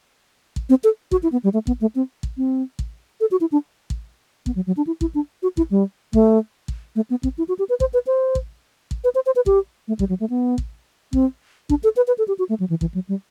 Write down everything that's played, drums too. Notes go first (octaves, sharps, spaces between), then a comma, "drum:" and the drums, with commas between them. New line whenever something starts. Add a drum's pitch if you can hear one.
drum: kick
C4
A4
F#4, drum: kick
E4
B3
G3
A3
B3, drum: kick
A3
C4
drum: kick
C4
drum: kick
A4
F#4
E4
D4
drum: kick
B3, drum: kick
F#3
F#3
D4
E4
E4, drum: kick
D4
F#4
E4, drum: kick
G3
A3, drum: kick
drum: kick
A3
B3
C4, drum: kick
E4
F#4
G4
B4
C5, drum: kick
B4
C5
drum: kick
drum: kick
B4
C5
C5
B4
G4, drum: kick
A3
G3, drum: kick
F#3
A3
B3
drum: kick
C4, drum: kick
D4, drum: kick
A4
B4
B4
A4
G4
F#4
A3
F#3
E3
E3, drum: kick
F#3
G3